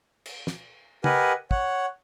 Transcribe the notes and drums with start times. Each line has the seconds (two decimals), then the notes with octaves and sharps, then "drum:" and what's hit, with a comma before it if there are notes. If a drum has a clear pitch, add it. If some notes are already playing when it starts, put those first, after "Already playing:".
0.26 drum: cymbal
0.47 drum: snare
1.04 G4 A#4 B4 D#5 F#5 G#5, drum: tom
1.51 C#5 F#5, drum: kick